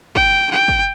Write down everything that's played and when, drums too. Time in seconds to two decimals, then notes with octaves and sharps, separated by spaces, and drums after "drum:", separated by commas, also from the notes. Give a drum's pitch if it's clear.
0.15 G5, drum: kick
0.51 G5
0.68 drum: kick